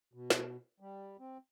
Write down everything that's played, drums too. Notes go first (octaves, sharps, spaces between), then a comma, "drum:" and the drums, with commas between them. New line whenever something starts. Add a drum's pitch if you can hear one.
B2
drum: snare
G3
C4